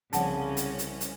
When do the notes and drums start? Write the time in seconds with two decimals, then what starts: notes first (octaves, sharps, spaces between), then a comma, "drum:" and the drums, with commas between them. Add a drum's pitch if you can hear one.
0.13 C2 C#3 F3 C#4 F#5 A5, drum: hi-hat
0.57 drum: hi-hat
0.79 drum: hi-hat
1.01 drum: hi-hat